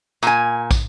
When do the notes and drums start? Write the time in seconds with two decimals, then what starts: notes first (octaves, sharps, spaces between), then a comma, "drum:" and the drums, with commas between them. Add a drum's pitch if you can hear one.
0.23 A#2 G#5, drum: tambourine
0.71 drum: kick, tambourine